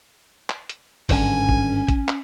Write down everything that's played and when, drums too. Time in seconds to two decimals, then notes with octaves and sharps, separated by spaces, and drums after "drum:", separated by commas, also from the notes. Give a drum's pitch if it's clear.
0.50 drum: clap
0.69 drum: hi-hat
1.09 G#1 G2 D3 C#4 G#5, drum: kick, open hi-hat
1.49 drum: kick
1.88 drum: kick, hi-hat
2.08 drum: clap